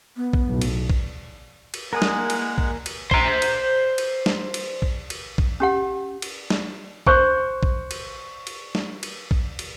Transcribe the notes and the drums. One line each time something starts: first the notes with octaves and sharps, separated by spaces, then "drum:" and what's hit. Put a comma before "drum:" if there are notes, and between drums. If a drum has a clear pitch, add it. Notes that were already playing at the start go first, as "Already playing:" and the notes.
B3
drum: kick
B1 A2
drum: cymbal
drum: kick
drum: cymbal
G#3 A#3 E4 A#4 F#5 G#5 D#6
drum: snare
drum: cymbal
drum: kick
drum: cymbal
C5 A#5, drum: kick
drum: cymbal
drum: cymbal
drum: snare
drum: cymbal
drum: kick
drum: cymbal
drum: kick
C#4 G4 F#5
drum: cymbal
drum: snare
C5 C#6 F#6 G6, drum: kick
drum: kick
drum: cymbal
drum: cymbal
drum: snare
drum: cymbal
drum: kick
drum: cymbal